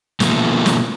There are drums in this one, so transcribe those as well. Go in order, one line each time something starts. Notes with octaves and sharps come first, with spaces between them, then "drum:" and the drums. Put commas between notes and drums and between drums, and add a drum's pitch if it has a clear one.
B2 D#3 F3 A3 A#3, drum: snare
drum: snare